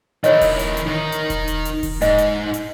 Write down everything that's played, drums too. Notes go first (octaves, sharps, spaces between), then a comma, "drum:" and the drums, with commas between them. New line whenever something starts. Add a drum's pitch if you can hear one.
D#3 E4 C#5 D#5, drum: hi-hat
drum: kick E1, open hi-hat
drum: hi-hat
drum: hi-hat
D#3 D#4
drum: hi-hat
drum: kick E1, hi-hat
drum: hi-hat
drum: hi-hat
drum: kick E1, open hi-hat
G#2 D#5, drum: hi-hat
drum: hi-hat
drum: hi-hat